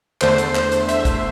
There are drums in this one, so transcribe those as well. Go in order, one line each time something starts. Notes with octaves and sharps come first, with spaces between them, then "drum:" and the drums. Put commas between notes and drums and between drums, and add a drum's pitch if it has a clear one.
E2 D3 A3 C5, drum: clap
drum: hi-hat
C5, drum: clap
drum: hi-hat
E5, drum: hi-hat
drum: kick, hi-hat